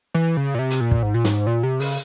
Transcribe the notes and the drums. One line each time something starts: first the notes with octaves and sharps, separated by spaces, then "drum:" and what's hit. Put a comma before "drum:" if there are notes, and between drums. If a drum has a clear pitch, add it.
E3
C#3
A#2
C3
drum: hi-hat
A#2
drum: kick
G#2
A#2
G#2, drum: snare
A#2
C3
C#3, drum: open hi-hat